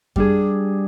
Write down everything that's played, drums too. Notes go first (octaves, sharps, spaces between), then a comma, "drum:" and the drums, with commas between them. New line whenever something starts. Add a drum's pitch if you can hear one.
G3 D4 G#4, drum: kick F#2